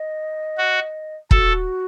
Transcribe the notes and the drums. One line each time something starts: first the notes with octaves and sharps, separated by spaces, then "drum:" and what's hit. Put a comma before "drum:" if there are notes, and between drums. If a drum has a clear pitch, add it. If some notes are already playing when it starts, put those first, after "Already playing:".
Already playing: D#5
F#4
F#4 A4, drum: kick